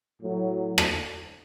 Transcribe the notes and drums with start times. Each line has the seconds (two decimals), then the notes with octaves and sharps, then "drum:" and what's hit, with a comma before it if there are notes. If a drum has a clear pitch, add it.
0.22 A2 F#3
0.78 drum: rim click